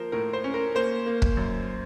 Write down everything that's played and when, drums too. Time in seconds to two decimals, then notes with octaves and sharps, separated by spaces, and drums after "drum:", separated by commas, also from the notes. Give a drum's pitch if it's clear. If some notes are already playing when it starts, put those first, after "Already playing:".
Already playing: F3 A#3 A#4 C5
0.12 A2 A#4
0.33 C5
0.44 C#4
0.54 A#4
0.75 A#3 C5
1.06 A#3
1.22 drum: kick
1.37 F#2